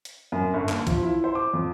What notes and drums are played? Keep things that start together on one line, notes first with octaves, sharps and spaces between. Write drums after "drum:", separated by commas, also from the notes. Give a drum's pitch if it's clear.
drum: hi-hat
F#2
G1
D#2, drum: clap
F3, drum: kick, hi-hat
E4
C5
D6
F2